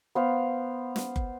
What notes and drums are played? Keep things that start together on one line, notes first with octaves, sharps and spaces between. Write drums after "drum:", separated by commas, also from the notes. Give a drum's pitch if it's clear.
B3 C5 F5
drum: snare
drum: kick F#1